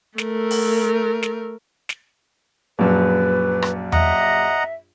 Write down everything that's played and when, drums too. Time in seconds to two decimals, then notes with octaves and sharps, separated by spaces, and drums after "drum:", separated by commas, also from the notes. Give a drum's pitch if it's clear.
0.18 A3 A#4, drum: snare
0.51 drum: open hi-hat
1.22 drum: snare
1.89 drum: snare
2.79 A#1 F#2 B4
3.62 drum: rim click
3.92 D#5 E5 F#5 A#5, drum: tom E2